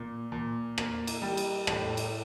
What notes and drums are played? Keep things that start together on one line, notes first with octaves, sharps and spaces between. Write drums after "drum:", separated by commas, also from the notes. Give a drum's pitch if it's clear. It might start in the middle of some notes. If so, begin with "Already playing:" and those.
Already playing: A#2
A#2
A#3, drum: rim click
drum: cymbal
G3
drum: cymbal
A2, drum: rim click
drum: cymbal